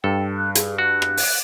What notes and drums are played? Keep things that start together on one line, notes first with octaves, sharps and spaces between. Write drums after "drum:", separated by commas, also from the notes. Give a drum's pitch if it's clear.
G2 A4 G5
F#6
G#4, drum: hi-hat
F#4 F#6
drum: rim click
drum: open hi-hat